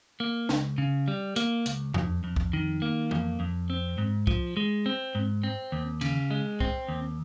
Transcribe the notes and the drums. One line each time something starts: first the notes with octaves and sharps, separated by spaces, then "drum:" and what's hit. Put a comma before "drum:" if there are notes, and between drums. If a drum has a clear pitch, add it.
A#3
C#2, drum: snare
C#3
G3
A#3, drum: hi-hat
C#2, drum: hi-hat
F2, drum: tom E2
F2
drum: kick
D#3
A#3
F2, drum: tom E3
F2
C4
G#2
F3, drum: kick
G#3
C4
G#2
C4
D#2
C#3, drum: cymbal
G#3
C4, drum: kick
D#2